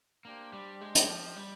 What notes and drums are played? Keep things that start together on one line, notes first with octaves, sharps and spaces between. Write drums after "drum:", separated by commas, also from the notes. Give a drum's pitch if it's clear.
A#3 D4 G4 C5
G3
G#3
drum: hi-hat
F3
G3